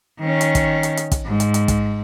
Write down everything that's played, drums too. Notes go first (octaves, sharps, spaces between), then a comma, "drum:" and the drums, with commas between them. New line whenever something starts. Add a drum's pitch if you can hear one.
D#3 C#4
drum: hi-hat
drum: kick, hi-hat
drum: hi-hat
drum: hi-hat
drum: kick, hi-hat
G#2
drum: hi-hat
drum: hi-hat
drum: kick, hi-hat